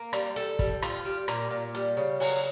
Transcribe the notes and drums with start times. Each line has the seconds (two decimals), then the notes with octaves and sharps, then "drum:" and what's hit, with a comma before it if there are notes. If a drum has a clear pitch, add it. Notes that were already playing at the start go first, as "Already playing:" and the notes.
Already playing: A#3
0.13 G3, drum: rim click
0.36 A4, drum: hi-hat
0.59 G3, drum: kick
0.82 F4, drum: rim click
1.05 G3
1.28 A#2, drum: rim click
1.51 A#2
1.75 G3, drum: hi-hat
1.97 C#3
2.20 F#3, drum: open hi-hat